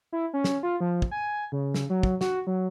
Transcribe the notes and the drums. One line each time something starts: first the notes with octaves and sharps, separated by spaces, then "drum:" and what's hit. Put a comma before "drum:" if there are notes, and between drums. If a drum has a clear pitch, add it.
E4
C#4
drum: snare
F4
F3
drum: kick
G#5
C#3
drum: snare
F#3
drum: kick
F#4, drum: snare
F#3